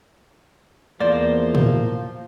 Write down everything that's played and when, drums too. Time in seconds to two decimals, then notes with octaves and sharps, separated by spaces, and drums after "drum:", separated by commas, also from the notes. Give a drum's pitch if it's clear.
1.00 E2 F3 A#3 C5 D5
1.55 drum: tom